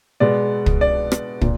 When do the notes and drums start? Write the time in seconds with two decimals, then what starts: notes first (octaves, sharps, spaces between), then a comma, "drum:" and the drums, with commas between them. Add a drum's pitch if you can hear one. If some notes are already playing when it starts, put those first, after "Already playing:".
0.20 B2 G#3 B3 D5
0.66 drum: kick
0.81 D5
1.12 drum: rim click
1.41 A#2, drum: kick